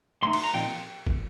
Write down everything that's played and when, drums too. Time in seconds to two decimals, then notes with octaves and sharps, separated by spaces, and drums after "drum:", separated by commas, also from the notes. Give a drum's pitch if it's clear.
0.23 A2 A3 D#4 C6
0.33 C6, drum: cymbal
0.43 A#5
0.54 A#2 F3 C4 D#4 G5
1.07 drum: kick